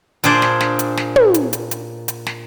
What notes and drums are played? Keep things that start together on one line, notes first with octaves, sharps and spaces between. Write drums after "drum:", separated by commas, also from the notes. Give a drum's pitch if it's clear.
A#2 D4 G#4 C5 D5, drum: hi-hat
drum: snare
drum: snare
drum: hi-hat
drum: snare
drum: tom
drum: hi-hat
drum: hi-hat
drum: hi-hat
drum: hi-hat
drum: snare